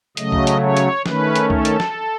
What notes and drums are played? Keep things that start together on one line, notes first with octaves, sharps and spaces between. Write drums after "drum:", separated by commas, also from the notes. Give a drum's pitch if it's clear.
C#3 F#3 A3 D#5, drum: hi-hat
drum: kick C2
drum: hi-hat
C#5
drum: hi-hat
D#3 A3 C#4 B4, drum: snare
drum: hi-hat
A4, drum: kick C2
drum: hi-hat
drum: snare